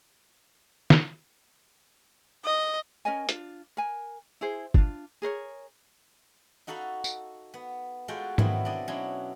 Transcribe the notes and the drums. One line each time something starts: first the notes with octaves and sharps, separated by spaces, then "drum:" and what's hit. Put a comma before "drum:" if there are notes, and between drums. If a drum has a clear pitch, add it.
drum: snare
D#5
C#4 A#4 D#5 G#5
D4 F4, drum: hi-hat
A#4 G#5
E4 G#4 C5
D4 F4, drum: kick
G#4 A#4 C5 C#5
D#4 F#4 A4 F5 B5
drum: tambourine
B3
G#3 F4 F#4 A4 B4 G5
B2 D#3 F#3 B3 C4 E4, drum: tom G#2
D4 E4 D5 D#5
B2 F#3 C#4 D4 E4 C6